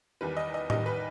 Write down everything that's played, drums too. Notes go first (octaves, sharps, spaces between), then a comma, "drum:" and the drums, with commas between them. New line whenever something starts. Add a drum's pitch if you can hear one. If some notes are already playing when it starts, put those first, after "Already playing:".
E2 D#3 G3 B4
D#5
D#5
E2 D#3 G3 D#5, drum: tom A2
B4